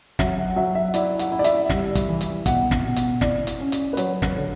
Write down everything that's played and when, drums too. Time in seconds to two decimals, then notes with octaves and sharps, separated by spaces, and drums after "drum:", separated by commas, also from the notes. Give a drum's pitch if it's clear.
0.19 F#3 E5, drum: snare
0.38 F#5
0.56 F#3 E5
0.75 E5
0.94 E4 D5, drum: hi-hat
1.19 F#5, drum: hi-hat
1.32 E4
1.39 D5
1.44 E5, drum: hi-hat
1.70 G3, drum: snare
1.95 drum: kick, hi-hat
2.09 E3
2.21 drum: hi-hat
2.46 B2 F#5, drum: kick, hi-hat
2.71 drum: snare
2.84 B2
2.96 drum: hi-hat
3.21 E4 D5, drum: snare
3.47 drum: hi-hat
3.60 C#4
3.72 drum: hi-hat
3.93 B4
3.97 F#3 C#5, drum: hi-hat
4.22 B4, drum: snare
4.36 D3